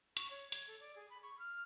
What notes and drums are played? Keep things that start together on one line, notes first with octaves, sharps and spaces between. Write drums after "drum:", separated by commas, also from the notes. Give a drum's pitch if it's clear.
C#6, drum: hi-hat
C#5
G#6, drum: hi-hat
A4
D5
G#4
B5
C#6
F6